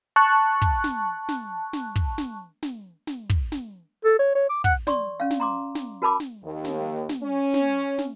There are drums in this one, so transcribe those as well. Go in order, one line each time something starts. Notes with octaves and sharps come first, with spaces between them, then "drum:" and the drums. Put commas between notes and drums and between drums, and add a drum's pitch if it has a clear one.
A5 C#6 F#6
drum: kick
drum: snare
drum: snare
drum: snare
drum: kick
drum: snare
drum: snare
drum: snare
drum: kick
drum: snare
A4
C#5
C#5
D6
F#5, drum: kick
D5 C6 C#6, drum: snare
C#4 F5
drum: snare
A#5 C6 D6
drum: snare
F#4 A#4 A5 B5 D6
drum: snare
D#2
drum: snare
drum: snare
C#4
drum: snare
drum: snare